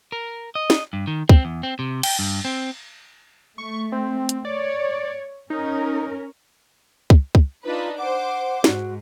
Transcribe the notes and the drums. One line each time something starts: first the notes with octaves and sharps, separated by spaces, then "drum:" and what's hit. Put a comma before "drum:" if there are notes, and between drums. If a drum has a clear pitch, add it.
A#4
D#5
drum: snare
G2
D#3
C4, drum: kick
E2
C4
C3
G5, drum: cymbal
G2
C4
A3 C#6
C4
drum: hi-hat
C#5 D5
C#4 D#4 A#4
drum: kick
drum: kick
D4 D#4 F4 B4
C5 F#5 D6
G#2 F#4, drum: snare